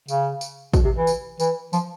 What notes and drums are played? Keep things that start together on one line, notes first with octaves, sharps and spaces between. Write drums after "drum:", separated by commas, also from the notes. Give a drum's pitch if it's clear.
C#3, drum: tambourine
drum: tambourine
B2, drum: kick, tambourine
C3
E3
drum: tambourine
E3, drum: tambourine
F3, drum: tambourine